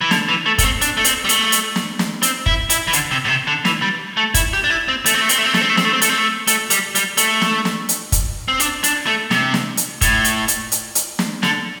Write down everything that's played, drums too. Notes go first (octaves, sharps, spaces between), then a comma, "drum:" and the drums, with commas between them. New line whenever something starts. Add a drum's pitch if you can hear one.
E3
D3, drum: snare
E3
A3
A3, drum: kick, hi-hat
C4
D4, drum: hi-hat
A3
C4, drum: hi-hat
G3
A3, drum: hi-hat
drum: hi-hat
drum: snare
drum: snare
C4, drum: hi-hat
E4, drum: kick
E4, drum: hi-hat
E3
D3, drum: hi-hat
C3
A2
C3
D3
E3, drum: snare
G3
A3
E4, drum: kick, hi-hat
G4
D4
E4
C4
A3, drum: hi-hat
C4
A3
C4, drum: hi-hat
A3
C4
A3, drum: snare
C4
A3
C4, drum: snare
A3
C4
A3, drum: hi-hat
C4
A3
A3, drum: hi-hat
G3, drum: hi-hat
G3, drum: hi-hat
A3, drum: hi-hat
drum: snare
drum: snare
drum: hi-hat
drum: kick, hi-hat
C4
D4, drum: hi-hat
D4, drum: hi-hat
A3
C3, drum: snare
drum: snare
drum: hi-hat
A2, drum: kick, hi-hat
drum: hi-hat
drum: hi-hat
drum: hi-hat
drum: hi-hat
drum: snare
D3, drum: snare